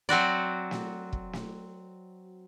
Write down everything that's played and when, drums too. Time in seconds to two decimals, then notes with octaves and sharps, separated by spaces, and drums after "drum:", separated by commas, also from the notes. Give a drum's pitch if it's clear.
0.09 F#3 C4 F#4 D5
0.71 drum: snare
1.13 drum: kick
1.33 drum: snare